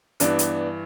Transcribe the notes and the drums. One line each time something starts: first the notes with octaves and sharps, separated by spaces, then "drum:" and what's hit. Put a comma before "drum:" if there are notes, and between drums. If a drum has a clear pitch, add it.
G2 E3 B3 D4, drum: hi-hat
drum: hi-hat